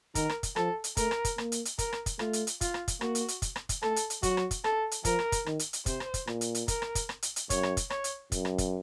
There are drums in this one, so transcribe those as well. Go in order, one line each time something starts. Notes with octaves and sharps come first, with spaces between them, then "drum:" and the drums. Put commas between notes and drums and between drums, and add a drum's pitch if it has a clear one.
D#3 A#4, drum: kick, hi-hat
drum: rim click
drum: kick, hi-hat
F3 A4, drum: rim click
drum: hi-hat
A3 A#4, drum: kick, hi-hat
drum: rim click
drum: kick, hi-hat
A#3, drum: rim click
drum: hi-hat
drum: hi-hat
A#4, drum: kick, hi-hat
drum: rim click
drum: kick, hi-hat
A3 F4, drum: rim click
drum: hi-hat
drum: hi-hat
F4, drum: kick, hi-hat
drum: rim click
drum: kick, hi-hat
A#3 F#4, drum: rim click
drum: hi-hat
drum: hi-hat
drum: kick, hi-hat
drum: rim click
drum: kick, hi-hat
A3 A4, drum: rim click
drum: hi-hat
drum: hi-hat
F#3 F#4, drum: kick, hi-hat
drum: rim click
drum: kick, hi-hat
A4, drum: rim click
drum: hi-hat
F3 A#4, drum: kick, hi-hat
drum: rim click
drum: kick, hi-hat
D#3, drum: rim click
drum: hi-hat
drum: hi-hat
C3 C5, drum: kick, hi-hat
drum: rim click
drum: kick, hi-hat
A#2, drum: rim click
drum: hi-hat
drum: hi-hat
A#4, drum: kick, hi-hat
drum: rim click
drum: kick, hi-hat
drum: rim click
drum: hi-hat
drum: hi-hat
F#2 C#5, drum: kick, hi-hat
drum: rim click
drum: kick, hi-hat
C#5, drum: rim click
drum: hi-hat
F#2, drum: kick, hi-hat
drum: rim click
drum: kick, hi-hat